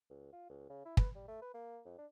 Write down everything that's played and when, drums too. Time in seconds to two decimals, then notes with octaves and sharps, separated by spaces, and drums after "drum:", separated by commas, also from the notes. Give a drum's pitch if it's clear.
0.10 C#2
0.33 F4
0.49 C#2
0.69 C#3
0.85 E4
0.97 B4, drum: kick
1.15 G3
1.28 A3
1.42 B4
1.54 A#3
1.85 F2
1.98 D4